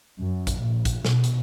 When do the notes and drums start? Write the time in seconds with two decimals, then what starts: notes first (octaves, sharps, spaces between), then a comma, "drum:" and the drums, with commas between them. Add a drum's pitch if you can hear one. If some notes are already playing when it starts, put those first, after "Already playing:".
0.20 F#2
0.47 drum: kick A1, hi-hat
0.60 A#1
0.85 drum: kick A1, hi-hat
1.05 B2, drum: snare
1.24 drum: hi-hat